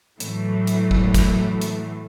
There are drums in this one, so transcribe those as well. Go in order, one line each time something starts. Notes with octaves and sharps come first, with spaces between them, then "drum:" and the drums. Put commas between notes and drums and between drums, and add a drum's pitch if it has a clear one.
A2 E3 F#3 A3, drum: hi-hat
drum: hi-hat
drum: kick
drum: kick, hi-hat
drum: hi-hat